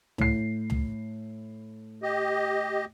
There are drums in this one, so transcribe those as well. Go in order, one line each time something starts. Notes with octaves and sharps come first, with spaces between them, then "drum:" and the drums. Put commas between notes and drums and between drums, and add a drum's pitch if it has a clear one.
A2 C7, drum: tom C#2
drum: tom C#2
G4 D#5